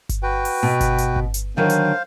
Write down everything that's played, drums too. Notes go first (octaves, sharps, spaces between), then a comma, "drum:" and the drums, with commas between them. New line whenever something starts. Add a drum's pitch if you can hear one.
drum: kick G1, hi-hat
F#4 B4 G5
drum: open hi-hat
B2
drum: kick G1, hi-hat
drum: hi-hat
drum: kick G1
drum: hi-hat
D3 D#3 F#3 C5 F5
drum: hi-hat